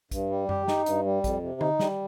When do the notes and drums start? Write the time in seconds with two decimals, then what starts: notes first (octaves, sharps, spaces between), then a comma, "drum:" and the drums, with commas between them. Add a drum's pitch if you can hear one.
0.11 G2, drum: kick, hi-hat
0.30 G3
0.49 G4, drum: tom F#2
0.68 D#4, drum: snare
0.86 G2, drum: hi-hat
1.05 G3
1.24 F2, drum: kick, hi-hat
1.43 C3
1.61 D#4, drum: tom D3
1.80 G3, drum: snare